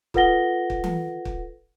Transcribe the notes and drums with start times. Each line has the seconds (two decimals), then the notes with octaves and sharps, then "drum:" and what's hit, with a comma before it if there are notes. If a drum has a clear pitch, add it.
0.14 F4 A4 B4 F#5 A#6 G7, drum: kick
0.70 drum: kick
0.84 drum: tom E3
1.25 drum: kick